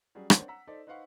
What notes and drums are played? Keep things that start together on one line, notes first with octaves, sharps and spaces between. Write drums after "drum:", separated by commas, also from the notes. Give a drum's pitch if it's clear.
F#3 G3 C#4 G#4
C4 D4 A#4 C5 C#5 F#5, drum: rim click
F#5 A#5 E6 B6
D#4 A4 C5 D5
D#4 B4 C5 F5 F#5 C#6